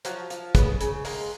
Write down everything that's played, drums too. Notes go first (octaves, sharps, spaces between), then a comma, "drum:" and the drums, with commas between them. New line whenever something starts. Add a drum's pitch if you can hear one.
F3 F#3 F#4, drum: hi-hat
F3, drum: hi-hat
C#3 B3 B4, drum: kick, hi-hat
C#3, drum: hi-hat
G#3 A#3 A#4, drum: open hi-hat